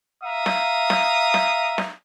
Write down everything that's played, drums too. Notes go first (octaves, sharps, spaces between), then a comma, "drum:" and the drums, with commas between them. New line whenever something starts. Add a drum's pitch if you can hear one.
E5 F5 A#5 D#6
drum: snare
drum: snare
drum: snare
drum: snare